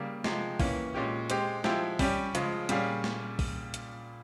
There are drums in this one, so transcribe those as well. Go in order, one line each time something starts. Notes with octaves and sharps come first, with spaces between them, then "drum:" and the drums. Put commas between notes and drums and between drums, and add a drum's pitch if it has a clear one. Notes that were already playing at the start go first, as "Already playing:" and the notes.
Already playing: C#3 G3 A#3
C3 F3 G#3, drum: snare
E3 A#3 C#4, drum: kick, open hi-hat
A#2 G#3 C#4 G4
G#3 C4 G4, drum: hi-hat
F3 G#3 E4 G4, drum: snare
G3 C#4 G4, drum: kick, open hi-hat
C#3 F3 G#3, drum: hi-hat
A#2 G3 C#4 F4 G#4, drum: hi-hat
drum: snare
drum: kick, open hi-hat
drum: hi-hat